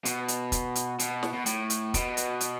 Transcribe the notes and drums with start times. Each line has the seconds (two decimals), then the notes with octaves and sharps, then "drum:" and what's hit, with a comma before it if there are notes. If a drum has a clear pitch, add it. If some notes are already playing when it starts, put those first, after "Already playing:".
0.05 B2, drum: hi-hat
0.28 drum: hi-hat
0.52 drum: kick, hi-hat
0.75 drum: hi-hat
0.99 B2, drum: hi-hat
1.23 drum: snare
1.34 B2
1.46 A2, drum: hi-hat
1.70 drum: hi-hat
1.94 B2, drum: kick, hi-hat
2.17 drum: hi-hat
2.41 drum: hi-hat